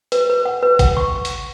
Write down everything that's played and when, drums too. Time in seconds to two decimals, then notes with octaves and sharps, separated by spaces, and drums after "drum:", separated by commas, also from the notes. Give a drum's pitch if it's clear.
0.12 B4, drum: hi-hat
0.30 B4
0.45 F#5
0.62 B4
0.79 F#5, drum: kick, hi-hat
0.97 C#6
1.25 drum: hi-hat